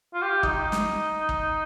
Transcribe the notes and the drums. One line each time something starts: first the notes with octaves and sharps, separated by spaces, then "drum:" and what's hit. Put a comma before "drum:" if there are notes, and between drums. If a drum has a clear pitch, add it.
F4
G4
D#4, drum: kick
drum: snare
drum: kick